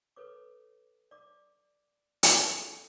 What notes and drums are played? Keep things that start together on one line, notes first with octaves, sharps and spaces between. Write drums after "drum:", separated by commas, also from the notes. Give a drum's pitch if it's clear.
A4 B4 C#5 D6
D5 D6
drum: hi-hat
A4